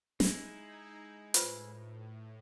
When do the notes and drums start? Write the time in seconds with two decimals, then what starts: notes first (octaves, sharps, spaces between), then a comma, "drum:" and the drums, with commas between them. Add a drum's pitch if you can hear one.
0.20 G#3 D#4 E4, drum: snare
1.34 A2 F4 B4 C5, drum: hi-hat